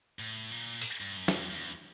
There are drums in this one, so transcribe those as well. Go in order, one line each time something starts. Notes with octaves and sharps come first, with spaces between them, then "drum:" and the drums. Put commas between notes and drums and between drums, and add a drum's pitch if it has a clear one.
A2
A#2
drum: open hi-hat
G2
F#2
F2, drum: snare
E2
E2